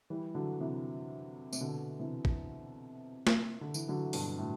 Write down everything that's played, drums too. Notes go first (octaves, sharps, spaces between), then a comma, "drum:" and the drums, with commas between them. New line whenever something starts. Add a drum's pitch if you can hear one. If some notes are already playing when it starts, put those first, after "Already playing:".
E3 G3
D3 F#3
C3 E3
C3, drum: tambourine
B2 D3
C3 E3
drum: kick
drum: snare
D3
E3, drum: tambourine
D3 F#3
G2 B2, drum: open hi-hat
A2